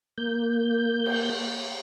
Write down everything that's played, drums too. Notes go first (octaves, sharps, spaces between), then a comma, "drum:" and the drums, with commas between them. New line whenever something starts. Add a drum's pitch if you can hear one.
A#3 G6
drum: cymbal